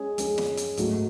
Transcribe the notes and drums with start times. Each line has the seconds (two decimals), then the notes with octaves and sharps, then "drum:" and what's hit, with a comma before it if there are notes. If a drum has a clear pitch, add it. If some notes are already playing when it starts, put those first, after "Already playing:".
Already playing: G#3 C#4 G#4
0.18 G#3 C#4 G#4, drum: hi-hat
0.38 drum: snare
0.57 drum: hi-hat
0.77 G#2 F#3 A3, drum: hi-hat